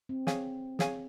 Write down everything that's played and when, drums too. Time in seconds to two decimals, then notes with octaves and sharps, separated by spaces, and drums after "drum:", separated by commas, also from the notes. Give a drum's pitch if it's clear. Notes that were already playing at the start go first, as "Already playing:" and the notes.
0.09 C4
0.27 G#4 C#5 F5 G#5, drum: snare
0.79 G#4 C#5 F5 G#5, drum: snare